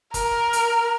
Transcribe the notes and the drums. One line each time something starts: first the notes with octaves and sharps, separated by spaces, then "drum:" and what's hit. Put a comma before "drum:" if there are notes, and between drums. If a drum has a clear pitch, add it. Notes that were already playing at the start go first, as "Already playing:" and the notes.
A#4, drum: kick G1, hi-hat
drum: hi-hat